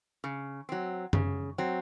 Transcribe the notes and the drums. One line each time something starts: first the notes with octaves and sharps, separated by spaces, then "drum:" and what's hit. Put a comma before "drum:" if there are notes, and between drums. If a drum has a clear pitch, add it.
C#3
F#3 C4
C#3, drum: tom F#2
F#3 C4